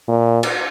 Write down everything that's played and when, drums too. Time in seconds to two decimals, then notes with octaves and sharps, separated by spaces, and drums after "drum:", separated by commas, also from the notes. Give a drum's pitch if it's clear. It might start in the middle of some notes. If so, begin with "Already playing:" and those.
0.08 A#2
0.43 drum: cymbal